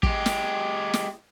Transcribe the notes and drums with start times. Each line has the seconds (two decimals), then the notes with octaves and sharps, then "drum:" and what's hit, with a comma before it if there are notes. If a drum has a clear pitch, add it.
0.03 G#3 G4, drum: kick
0.26 drum: snare
0.93 drum: snare